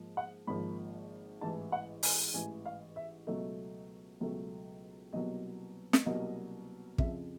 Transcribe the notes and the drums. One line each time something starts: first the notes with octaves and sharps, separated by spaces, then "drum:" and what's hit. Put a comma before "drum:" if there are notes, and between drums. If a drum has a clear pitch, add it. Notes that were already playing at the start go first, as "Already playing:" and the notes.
Already playing: G#2 F3 A#3
F#5
G#1 G#2 F3 A#3 B5
A1 G#2 E3 A5
F#5
G#5, drum: open hi-hat
A1 G#2 E3 G#5
F5
E5
C#2 B2 F#3 A3 D#5
C#2 B2 F#3 A3
C2 B2 F#3 A#3 D#5
drum: snare
C2 B2 F#3 A#3 D#5
F2 C#3 F3 E5, drum: kick